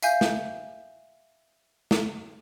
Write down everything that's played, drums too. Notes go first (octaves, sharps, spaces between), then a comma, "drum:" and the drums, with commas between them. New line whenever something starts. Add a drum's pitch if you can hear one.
E5 F5 G#5 G6, drum: tambourine
drum: snare
drum: snare